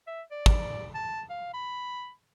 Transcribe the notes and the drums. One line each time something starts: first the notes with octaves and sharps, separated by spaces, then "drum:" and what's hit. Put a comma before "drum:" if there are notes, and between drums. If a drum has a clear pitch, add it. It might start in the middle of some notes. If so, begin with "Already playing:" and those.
E5
D5
drum: kick
A5
F5
B5